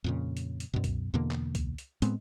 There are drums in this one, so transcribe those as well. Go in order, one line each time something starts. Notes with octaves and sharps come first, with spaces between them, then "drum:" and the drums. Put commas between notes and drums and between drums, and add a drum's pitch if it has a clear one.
F2 A#2 C#3
drum: hi-hat
drum: hi-hat
F#2 B2
drum: kick C#2, hi-hat
E2 B2 D3 A#3
drum: clap
drum: kick C#2, hi-hat
drum: hi-hat
A2 G#3 B3 C4, drum: hi-hat